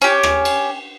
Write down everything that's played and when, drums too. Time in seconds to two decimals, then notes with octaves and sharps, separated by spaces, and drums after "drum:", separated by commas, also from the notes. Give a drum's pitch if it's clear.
0.02 C#4 G4, drum: cymbal
0.23 drum: rim click
0.45 drum: cymbal